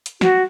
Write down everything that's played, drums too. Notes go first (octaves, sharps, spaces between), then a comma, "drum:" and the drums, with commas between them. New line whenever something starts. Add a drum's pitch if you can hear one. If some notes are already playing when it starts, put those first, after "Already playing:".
drum: hi-hat
F#4, drum: snare